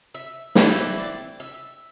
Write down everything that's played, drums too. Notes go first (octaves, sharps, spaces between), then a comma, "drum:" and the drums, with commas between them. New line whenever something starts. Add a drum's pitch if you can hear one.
E5
E3 C4 E4 D5, drum: snare
E5
D5
D5
E5